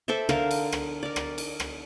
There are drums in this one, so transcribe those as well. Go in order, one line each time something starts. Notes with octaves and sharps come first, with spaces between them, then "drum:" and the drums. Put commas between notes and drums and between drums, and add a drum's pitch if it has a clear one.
A4 C5 D5 E5
D3 A#4 F5 A5, drum: rim click
drum: cymbal
drum: rim click
A#4 D5
drum: rim click
drum: cymbal
drum: rim click